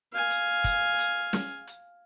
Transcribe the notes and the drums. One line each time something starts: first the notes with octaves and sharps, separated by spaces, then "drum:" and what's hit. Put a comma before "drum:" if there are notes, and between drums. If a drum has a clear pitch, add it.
F5 G#5
drum: hi-hat
drum: kick, hi-hat
drum: hi-hat
drum: snare
drum: hi-hat